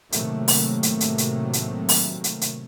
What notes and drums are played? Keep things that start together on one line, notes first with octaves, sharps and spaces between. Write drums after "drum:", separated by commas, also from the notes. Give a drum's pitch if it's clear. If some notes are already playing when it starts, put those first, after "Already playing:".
A2 C3 D#3 F#3 A3 A#3, drum: hi-hat
drum: open hi-hat
drum: hi-hat
drum: hi-hat
drum: hi-hat
drum: hi-hat
drum: open hi-hat
drum: hi-hat
drum: hi-hat